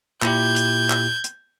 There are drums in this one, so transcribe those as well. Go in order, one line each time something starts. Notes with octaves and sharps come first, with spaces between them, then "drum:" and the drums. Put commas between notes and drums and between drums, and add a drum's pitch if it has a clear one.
A#2 E4 G4 G6 G#6, drum: clap
drum: hi-hat
drum: clap
drum: hi-hat